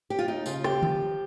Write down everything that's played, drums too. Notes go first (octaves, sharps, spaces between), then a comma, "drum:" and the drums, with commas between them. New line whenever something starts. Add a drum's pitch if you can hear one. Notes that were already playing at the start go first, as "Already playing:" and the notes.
G4
F4
D#2 D#4
C#3 F4, drum: tambourine
D#2 G4, drum: rim click
F3, drum: tom